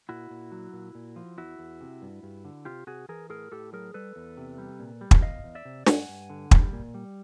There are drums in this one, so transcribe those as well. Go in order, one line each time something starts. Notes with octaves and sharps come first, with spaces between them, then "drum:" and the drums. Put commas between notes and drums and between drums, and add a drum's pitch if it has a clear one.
A#2 E4 F#4
A#2
F#3
A#2
A#2
F3
E2 E4 F#4
E2
C3
G2
G2
D3
C3 F4 G4
C3 F#4 G#4
E3 G#4 A#4
A2 G#4 A#4
A2 G4 A4
F#3 G#4 A#4
G3 A4 B4
E2
C3
G3
A#2
G3
drum: kick
E2 D#5 F5
E2
D5 E5
C3
G2 F#5 G#5, drum: snare
G2
D3
G3, drum: kick
A#2
G3